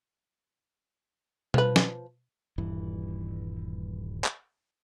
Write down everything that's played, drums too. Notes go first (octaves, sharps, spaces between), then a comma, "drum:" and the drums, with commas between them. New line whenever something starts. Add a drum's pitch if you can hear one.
F3 B4, drum: tom B2
drum: snare
D#1 G2 E3
drum: clap